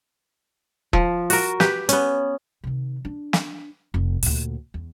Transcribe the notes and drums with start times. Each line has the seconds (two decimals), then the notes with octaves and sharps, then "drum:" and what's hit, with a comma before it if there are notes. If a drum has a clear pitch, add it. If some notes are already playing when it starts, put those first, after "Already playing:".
0.93 F3, drum: kick E1
1.30 F#4 A#4, drum: open hi-hat
1.60 G4 B4, drum: snare
1.89 B3 C#4, drum: hi-hat
2.64 C3 D#3
3.05 D4
3.33 drum: snare
3.94 F1
4.23 D2 A#2, drum: open hi-hat
4.74 E2